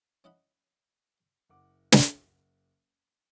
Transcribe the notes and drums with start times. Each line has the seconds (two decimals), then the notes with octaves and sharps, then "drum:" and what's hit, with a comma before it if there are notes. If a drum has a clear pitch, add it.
0.24 C#4 E4 D#5 F#5 B5
1.49 F#1 F#5 D6
1.92 drum: snare